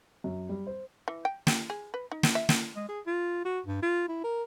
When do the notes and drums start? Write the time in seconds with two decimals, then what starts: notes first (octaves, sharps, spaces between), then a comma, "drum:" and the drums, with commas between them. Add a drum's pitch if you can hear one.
0.24 F#2
0.49 G3
0.67 C5
1.08 E3
1.25 G5
1.47 G4, drum: snare
1.70 G#4
1.94 B4
2.12 D#4
2.23 drum: snare
2.35 E5
2.49 drum: snare
2.75 G#3
2.89 G#4
3.06 F4
3.45 F#4
3.66 G2
3.82 F4
4.08 E4
4.24 A#4